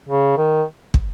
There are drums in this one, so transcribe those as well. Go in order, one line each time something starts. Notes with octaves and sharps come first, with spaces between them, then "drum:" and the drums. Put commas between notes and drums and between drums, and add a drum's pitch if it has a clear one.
C#3
D#3
drum: kick